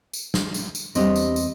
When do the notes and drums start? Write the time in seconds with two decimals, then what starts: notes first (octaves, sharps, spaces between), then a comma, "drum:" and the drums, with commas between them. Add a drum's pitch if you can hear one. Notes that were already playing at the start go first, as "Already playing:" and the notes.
0.13 drum: tambourine
0.34 drum: snare
0.54 drum: tambourine
0.75 drum: tambourine
0.95 E2 G3 C4 D4 D#5, drum: tambourine
1.16 drum: tambourine
1.36 drum: tambourine